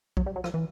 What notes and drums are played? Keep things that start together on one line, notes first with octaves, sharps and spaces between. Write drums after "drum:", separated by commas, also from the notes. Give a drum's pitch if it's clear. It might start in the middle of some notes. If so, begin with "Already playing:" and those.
F#3, drum: kick B1
G3
F#3
F3, drum: rim click
E3